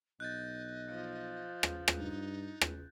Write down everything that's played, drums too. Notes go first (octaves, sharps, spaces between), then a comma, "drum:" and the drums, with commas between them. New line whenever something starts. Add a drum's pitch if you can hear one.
B1 D#5 F#6 G6 A6
F3
drum: rim click
drum: rim click
G2 D#4
drum: rim click